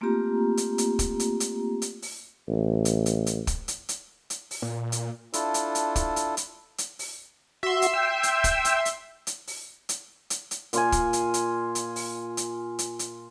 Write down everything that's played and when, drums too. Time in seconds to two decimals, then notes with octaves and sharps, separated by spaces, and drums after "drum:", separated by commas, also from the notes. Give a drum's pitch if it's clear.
0.01 A3 A#3 C4 F4 G4 A#5
0.57 drum: hi-hat
0.78 drum: hi-hat
0.99 drum: kick, hi-hat
1.20 drum: hi-hat
1.40 drum: hi-hat
1.82 drum: hi-hat
2.02 drum: open hi-hat
2.49 A1
2.85 drum: hi-hat
3.06 drum: hi-hat
3.26 drum: hi-hat
3.47 drum: kick, hi-hat
3.68 drum: hi-hat
3.89 drum: hi-hat
4.30 drum: hi-hat
4.51 drum: open hi-hat
4.62 A#2
4.92 drum: hi-hat
5.33 D4 E4 F4 A4, drum: hi-hat
5.54 drum: hi-hat
5.75 drum: hi-hat
5.96 drum: kick, hi-hat
6.16 drum: hi-hat
6.37 drum: hi-hat
6.78 drum: hi-hat
6.99 drum: open hi-hat
7.63 F#4 E5 C6
7.82 drum: hi-hat
7.94 G5 E6
8.23 drum: hi-hat
8.44 drum: kick, hi-hat
8.65 drum: hi-hat
8.85 drum: hi-hat
9.27 drum: hi-hat
9.47 drum: open hi-hat
9.89 drum: hi-hat
10.30 drum: hi-hat
10.51 drum: hi-hat
10.73 A#2 F4 G#5, drum: hi-hat
10.92 drum: kick, hi-hat
11.13 drum: hi-hat
11.34 drum: hi-hat
11.75 drum: hi-hat
11.96 drum: open hi-hat
12.37 drum: hi-hat
12.79 drum: hi-hat
12.99 drum: hi-hat